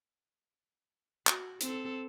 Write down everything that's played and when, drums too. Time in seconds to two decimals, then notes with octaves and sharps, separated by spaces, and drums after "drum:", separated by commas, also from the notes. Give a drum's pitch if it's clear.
1.27 F#4, drum: clap
1.61 C4 A4, drum: hi-hat